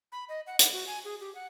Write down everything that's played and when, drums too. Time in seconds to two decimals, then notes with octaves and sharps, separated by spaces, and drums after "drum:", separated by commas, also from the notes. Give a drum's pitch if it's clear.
0.12 B5
0.29 D#5
0.47 F#5
0.59 F#5, drum: hi-hat
0.73 F#4
0.87 G#5
1.05 G#4
1.21 G4
1.35 F#5